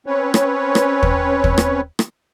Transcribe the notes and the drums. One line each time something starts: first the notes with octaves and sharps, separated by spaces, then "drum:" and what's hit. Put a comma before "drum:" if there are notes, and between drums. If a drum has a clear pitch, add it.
C4 C#4 B4 C#5
drum: rim click
drum: rim click
drum: kick
drum: kick
drum: rim click
drum: rim click